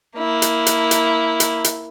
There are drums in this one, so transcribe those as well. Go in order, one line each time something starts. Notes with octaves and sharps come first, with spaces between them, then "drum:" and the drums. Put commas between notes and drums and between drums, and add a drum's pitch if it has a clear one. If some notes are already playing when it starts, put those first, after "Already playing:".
A#3 E4
drum: hi-hat
drum: hi-hat
drum: hi-hat
drum: hi-hat
drum: hi-hat